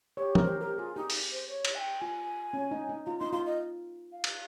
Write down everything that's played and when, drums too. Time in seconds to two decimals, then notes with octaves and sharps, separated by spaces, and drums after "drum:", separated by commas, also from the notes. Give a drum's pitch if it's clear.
0.17 G4 C#5
0.35 A#4, drum: tom E3
0.44 G4 C5
0.61 G4 A#4
0.78 F4 G#4
0.96 D#4 G4
1.10 drum: open hi-hat
1.32 C5
1.49 C#5
1.65 drum: cymbal
1.75 G#5
1.79 G5
2.01 F4 G#5
2.53 C#4
2.71 D#4
2.89 D#4
3.06 F4 A#5
3.19 D#4 C6
3.33 F4 C6
3.46 D#5
4.12 F5
4.24 drum: cymbal